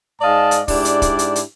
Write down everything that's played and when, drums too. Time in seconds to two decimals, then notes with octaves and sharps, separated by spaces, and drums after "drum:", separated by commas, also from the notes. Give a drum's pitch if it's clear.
0.22 G#2 D5 D#5 F5 A5
0.51 drum: hi-hat
0.68 G#2 D4 E4 G4 D5, drum: kick, open hi-hat
0.85 drum: hi-hat
1.02 drum: kick, hi-hat
1.19 drum: hi-hat
1.36 drum: hi-hat